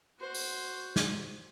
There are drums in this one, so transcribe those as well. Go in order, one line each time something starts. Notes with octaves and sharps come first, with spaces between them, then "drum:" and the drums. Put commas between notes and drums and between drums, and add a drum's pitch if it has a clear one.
F#4 C5
drum: open hi-hat
drum: snare